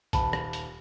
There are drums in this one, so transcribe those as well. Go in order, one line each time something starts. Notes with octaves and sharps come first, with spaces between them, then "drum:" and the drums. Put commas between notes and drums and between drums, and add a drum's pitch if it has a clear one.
D#1 A5 B5, drum: kick A#1, hi-hat
drum: rim click
drum: hi-hat